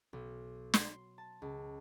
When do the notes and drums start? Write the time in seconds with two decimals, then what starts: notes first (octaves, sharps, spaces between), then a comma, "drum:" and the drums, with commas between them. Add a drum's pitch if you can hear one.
0.13 B1
0.74 C6, drum: snare
1.18 A5
1.42 C#2